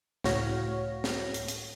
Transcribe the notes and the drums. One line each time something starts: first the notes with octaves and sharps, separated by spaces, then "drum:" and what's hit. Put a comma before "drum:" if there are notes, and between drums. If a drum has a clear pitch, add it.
C#2 A2 F#4 C#5 F5 A#6, drum: snare
drum: snare
drum: hi-hat
drum: hi-hat